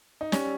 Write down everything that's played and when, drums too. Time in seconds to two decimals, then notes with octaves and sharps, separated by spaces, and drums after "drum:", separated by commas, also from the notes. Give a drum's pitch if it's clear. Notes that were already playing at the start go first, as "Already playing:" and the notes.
0.21 D#4
0.32 G3 C#4, drum: snare